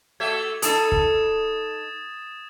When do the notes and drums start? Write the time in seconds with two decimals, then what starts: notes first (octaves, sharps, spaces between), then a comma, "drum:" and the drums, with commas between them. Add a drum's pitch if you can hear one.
0.20 A3 F#4 E5 G#6
0.62 D#4 A4 D#6 A6 E7, drum: hi-hat
0.92 drum: kick C#1